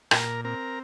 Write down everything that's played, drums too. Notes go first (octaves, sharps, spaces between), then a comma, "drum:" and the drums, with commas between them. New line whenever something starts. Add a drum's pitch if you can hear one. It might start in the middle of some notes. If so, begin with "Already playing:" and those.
A#2 A#4 A#5, drum: rim click
C4 A#4 A#5